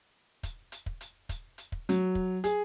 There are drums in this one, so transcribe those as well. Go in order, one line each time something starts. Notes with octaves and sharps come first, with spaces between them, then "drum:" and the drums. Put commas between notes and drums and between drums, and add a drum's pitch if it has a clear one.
drum: kick, hi-hat
drum: hi-hat
drum: kick
drum: hi-hat
drum: kick, hi-hat
drum: hi-hat
drum: kick
F#3, drum: hi-hat
drum: kick
G#4, drum: hi-hat